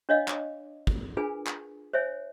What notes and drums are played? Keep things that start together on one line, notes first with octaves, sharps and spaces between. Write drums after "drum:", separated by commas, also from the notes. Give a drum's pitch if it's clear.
D4 C#5 D#5 F5
drum: clap
drum: kick
D4 F4 G#4 A#4 B4 G#5
drum: clap
C5 C#5 E5 G#5